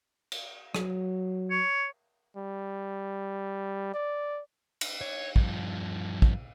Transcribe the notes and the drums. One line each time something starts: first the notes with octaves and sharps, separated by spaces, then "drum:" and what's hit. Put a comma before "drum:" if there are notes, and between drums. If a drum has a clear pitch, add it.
drum: cymbal
F#3, drum: rim click
C#5
G3
D5
drum: cymbal
C#5
G2 F3, drum: kick
drum: kick